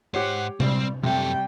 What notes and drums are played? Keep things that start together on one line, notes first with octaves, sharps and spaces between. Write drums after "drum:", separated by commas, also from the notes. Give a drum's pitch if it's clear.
G#2 G4 C5 C#5 F#5
G3 C4, drum: tom C3
F#2 C3 G3 A3 A4 G5